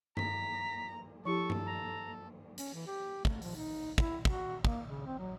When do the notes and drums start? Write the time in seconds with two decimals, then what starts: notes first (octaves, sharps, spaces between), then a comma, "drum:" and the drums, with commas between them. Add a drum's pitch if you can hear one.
0.17 A#5 B6, drum: tom G2
1.25 F3 E4 G4 A4 C#6
1.50 drum: tom G2
1.66 A#5
2.58 C#4, drum: hi-hat
2.74 E3
2.87 G4
3.25 A3, drum: kick
3.42 F3, drum: open hi-hat
3.56 D#4
3.98 E4, drum: kick
4.25 F#4, drum: kick
4.65 A#3, drum: kick
4.87 C#3
5.06 C4
5.19 F#3